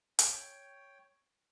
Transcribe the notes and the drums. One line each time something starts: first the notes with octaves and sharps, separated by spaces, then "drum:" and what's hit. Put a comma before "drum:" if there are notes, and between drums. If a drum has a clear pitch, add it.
C#5 G5, drum: hi-hat